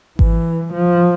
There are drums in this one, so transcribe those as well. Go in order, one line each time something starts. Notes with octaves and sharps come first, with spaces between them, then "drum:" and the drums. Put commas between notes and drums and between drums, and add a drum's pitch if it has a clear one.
E3, drum: kick G#1
F3